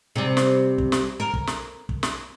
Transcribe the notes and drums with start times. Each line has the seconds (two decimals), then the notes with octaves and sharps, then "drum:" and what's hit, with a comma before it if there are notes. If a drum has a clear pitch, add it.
0.16 C3 G3
0.37 drum: snare
0.78 drum: kick
0.92 drum: snare
1.20 A#4
1.34 drum: kick
1.47 drum: snare
1.89 drum: kick
2.03 drum: snare